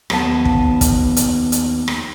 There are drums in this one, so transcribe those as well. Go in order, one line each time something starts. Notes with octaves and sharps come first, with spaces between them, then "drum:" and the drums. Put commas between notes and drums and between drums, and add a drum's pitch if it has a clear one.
D#2 B3 A5, drum: rim click
drum: kick
drum: kick, hi-hat
drum: hi-hat
drum: hi-hat
drum: rim click